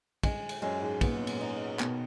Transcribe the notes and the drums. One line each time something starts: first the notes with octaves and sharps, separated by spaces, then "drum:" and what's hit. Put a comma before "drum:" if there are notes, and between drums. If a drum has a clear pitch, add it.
G#3, drum: kick, cymbal
drum: cymbal
F#2 G#3
G#2
A#2 B3, drum: kick, cymbal
drum: cymbal
D#4
B2 D#3, drum: clap